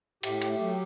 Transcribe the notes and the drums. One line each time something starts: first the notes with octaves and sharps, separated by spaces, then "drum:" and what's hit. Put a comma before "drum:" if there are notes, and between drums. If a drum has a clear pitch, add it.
A2 G4, drum: cymbal
A3, drum: cymbal
F#3